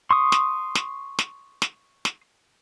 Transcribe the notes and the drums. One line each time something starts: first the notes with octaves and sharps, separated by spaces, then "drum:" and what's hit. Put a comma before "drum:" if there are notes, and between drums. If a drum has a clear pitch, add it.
C6 C#6 D#6
drum: snare
drum: snare
drum: snare
drum: snare
drum: snare